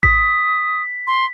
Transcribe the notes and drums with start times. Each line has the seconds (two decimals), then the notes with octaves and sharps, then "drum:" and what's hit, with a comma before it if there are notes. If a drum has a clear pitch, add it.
0.03 D#6 B6, drum: kick G#1
1.07 C6